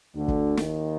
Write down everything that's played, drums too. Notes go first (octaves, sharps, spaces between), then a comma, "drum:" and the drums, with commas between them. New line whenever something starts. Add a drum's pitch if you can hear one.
D2 D3
drum: kick
D#2 D#3, drum: snare